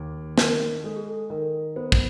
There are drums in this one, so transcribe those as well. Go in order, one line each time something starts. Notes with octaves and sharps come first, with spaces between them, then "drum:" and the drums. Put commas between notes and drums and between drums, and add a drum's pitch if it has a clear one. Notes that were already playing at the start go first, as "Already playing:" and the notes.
Already playing: D#2
D#3 A#4, drum: snare
G#3 A4
G#4
A4
D#3 A#4
B3 C5
drum: kick